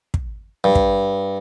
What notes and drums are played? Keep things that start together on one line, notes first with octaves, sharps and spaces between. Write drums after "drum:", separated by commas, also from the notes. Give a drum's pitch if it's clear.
drum: kick
G2
drum: kick